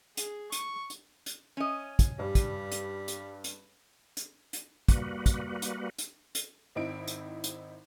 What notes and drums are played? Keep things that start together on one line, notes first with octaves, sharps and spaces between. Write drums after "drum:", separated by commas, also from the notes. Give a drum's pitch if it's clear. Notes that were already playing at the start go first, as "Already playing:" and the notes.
G#4, drum: hi-hat
C#6, drum: hi-hat
drum: hi-hat
drum: hi-hat
C#4 D#5
drum: kick, hi-hat
G2 G3
drum: kick, hi-hat
drum: hi-hat
drum: hi-hat
drum: hi-hat
drum: hi-hat
drum: hi-hat
G3 A#3 F#4 B4, drum: kick, hi-hat
drum: kick, hi-hat
drum: hi-hat
drum: hi-hat
drum: hi-hat
G#1 C4 D#4 E4 D7
drum: hi-hat
drum: hi-hat